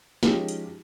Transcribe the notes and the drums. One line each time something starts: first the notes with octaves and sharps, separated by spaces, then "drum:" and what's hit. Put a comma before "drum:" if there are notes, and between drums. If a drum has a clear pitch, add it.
F3 G#3 C#4 D#4 F4 G4, drum: snare
drum: hi-hat